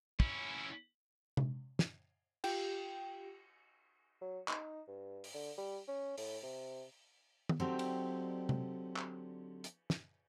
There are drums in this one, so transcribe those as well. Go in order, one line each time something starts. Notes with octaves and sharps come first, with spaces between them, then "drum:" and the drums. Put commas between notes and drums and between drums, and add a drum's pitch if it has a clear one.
C#4 E4, drum: kick
drum: tom C3
drum: snare
F4 G4 G5, drum: cymbal
F#3
D#4, drum: clap
G2
drum: open hi-hat
D3
G3
C#4
A2, drum: open hi-hat
C3
drum: tom D#3
D3 F#3 C4 D#4 G4 D5
drum: cymbal
drum: tom C3
drum: clap
drum: hi-hat
drum: snare